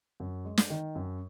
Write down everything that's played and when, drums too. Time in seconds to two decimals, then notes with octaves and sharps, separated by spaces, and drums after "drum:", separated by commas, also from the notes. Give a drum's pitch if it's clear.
0.20 F#2
0.45 G#3
0.58 drum: snare
0.70 D#3
0.95 F#2